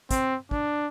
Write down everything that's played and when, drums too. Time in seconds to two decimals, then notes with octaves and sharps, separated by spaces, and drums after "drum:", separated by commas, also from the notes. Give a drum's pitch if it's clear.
0.11 C4, drum: kick, hi-hat
0.51 D4, drum: kick